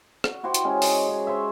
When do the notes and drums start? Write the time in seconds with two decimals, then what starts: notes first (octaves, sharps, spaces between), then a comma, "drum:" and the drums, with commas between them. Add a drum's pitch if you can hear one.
0.24 F#4, drum: rim click
0.43 E4 F#4 G4 C5
0.54 drum: hi-hat
0.64 G#3 C#4
0.82 D#5 C6, drum: open hi-hat
1.07 C#3 G#4
1.27 C5 C#5 E5